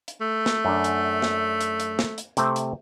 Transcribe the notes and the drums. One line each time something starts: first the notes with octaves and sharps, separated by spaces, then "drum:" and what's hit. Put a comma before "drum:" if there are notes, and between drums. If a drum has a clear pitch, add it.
drum: hi-hat
A3
drum: snare
F#2 D4
drum: hi-hat
drum: snare
drum: hi-hat
drum: hi-hat
drum: snare
drum: hi-hat
C3 A3 C4, drum: hi-hat
drum: hi-hat